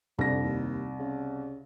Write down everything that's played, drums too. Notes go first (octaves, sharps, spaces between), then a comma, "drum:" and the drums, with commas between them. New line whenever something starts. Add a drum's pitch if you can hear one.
C2 D3 A#6, drum: tom
D#2
C#3